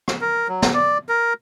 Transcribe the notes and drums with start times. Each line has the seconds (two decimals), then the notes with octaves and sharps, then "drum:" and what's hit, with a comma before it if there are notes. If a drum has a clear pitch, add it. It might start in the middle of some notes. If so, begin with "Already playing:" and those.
0.08 drum: rim click
0.21 A#4
0.48 F#3
0.62 drum: snare
0.74 D5
1.09 A#4